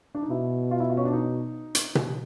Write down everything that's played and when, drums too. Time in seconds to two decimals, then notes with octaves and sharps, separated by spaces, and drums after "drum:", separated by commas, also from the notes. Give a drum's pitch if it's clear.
0.15 D4
0.22 D#4
0.30 B2 E4
0.71 F4
0.80 E4
0.90 F4
0.97 C#4
1.05 D4
1.13 D#4
1.75 drum: hi-hat
1.95 drum: tom B2